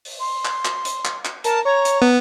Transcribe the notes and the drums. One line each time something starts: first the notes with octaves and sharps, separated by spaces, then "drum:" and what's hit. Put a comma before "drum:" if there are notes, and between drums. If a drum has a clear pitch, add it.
drum: open hi-hat
C6
drum: clap
drum: clap
drum: hi-hat
drum: clap
drum: clap
A#4 A5, drum: hi-hat
C#5 A#5
drum: hi-hat
B3